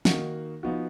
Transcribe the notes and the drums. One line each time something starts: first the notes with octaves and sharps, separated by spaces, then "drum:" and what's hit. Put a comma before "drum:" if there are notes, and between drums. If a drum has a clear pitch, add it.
D#3 A#3 D#4 F#4, drum: snare
F3 B3 D#4 F#4